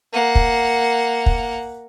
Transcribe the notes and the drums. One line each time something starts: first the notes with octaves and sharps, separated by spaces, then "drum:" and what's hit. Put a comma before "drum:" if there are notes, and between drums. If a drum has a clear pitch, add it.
A#3 F#5
drum: kick
drum: kick